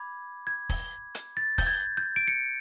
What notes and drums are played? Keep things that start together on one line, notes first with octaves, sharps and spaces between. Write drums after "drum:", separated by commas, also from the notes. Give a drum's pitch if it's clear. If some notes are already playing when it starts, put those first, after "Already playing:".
Already playing: B5 D6 G#6
G#6
drum: kick, open hi-hat
drum: hi-hat
A6
G6, drum: kick, open hi-hat
G#6
G6
D7
C#7